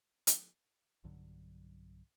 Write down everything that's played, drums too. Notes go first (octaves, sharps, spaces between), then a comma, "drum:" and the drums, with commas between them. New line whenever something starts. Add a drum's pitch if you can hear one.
drum: hi-hat
B1 G2 D3 F#3